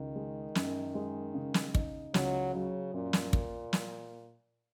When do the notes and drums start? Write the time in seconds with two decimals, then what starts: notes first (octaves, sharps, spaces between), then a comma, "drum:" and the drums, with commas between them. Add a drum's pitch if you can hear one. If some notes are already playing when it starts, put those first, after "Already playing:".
Already playing: C#2 D#3
0.16 G#3
0.55 F#2, drum: snare
0.95 G#3
1.34 C#3
1.54 drum: snare
1.75 D#4, drum: kick
2.14 C#2 F#3, drum: snare
2.53 C#3 F#3
2.94 F#2 A#2
3.13 drum: snare
3.33 A#3, drum: kick
3.73 drum: snare